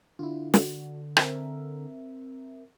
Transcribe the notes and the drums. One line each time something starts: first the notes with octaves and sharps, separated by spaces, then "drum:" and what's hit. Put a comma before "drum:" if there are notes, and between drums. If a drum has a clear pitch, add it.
D3 E4 F4
F#4, drum: snare
C4 A#4 E5, drum: rim click